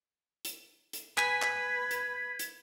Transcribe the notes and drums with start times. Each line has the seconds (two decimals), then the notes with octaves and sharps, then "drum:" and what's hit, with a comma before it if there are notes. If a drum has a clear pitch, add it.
0.45 drum: hi-hat
0.93 drum: hi-hat
1.18 B4 G#5 G#6 B6, drum: clap
1.42 drum: clap
1.91 drum: hi-hat
2.39 drum: hi-hat